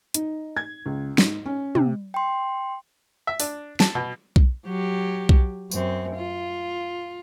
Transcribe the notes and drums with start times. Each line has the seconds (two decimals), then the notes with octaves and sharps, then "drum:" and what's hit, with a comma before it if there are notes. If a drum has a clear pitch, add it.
0.14 D#4, drum: hi-hat
0.57 G#6
0.86 C#2
1.18 G#2, drum: snare
1.46 C#4
1.75 C3, drum: tom
2.14 G5 C6
3.27 E5
3.40 D4, drum: open hi-hat
3.80 A5, drum: snare
3.95 B2
4.36 drum: kick B1
4.66 F#3 G4
5.29 drum: kick B1
5.71 F#2 C4, drum: tambourine
6.15 F4